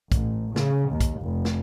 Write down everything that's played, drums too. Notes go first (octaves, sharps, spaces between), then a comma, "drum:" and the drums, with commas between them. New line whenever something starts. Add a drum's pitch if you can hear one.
A1, drum: kick, hi-hat
C#3, drum: snare
D#2
drum: kick, hi-hat
F1
drum: snare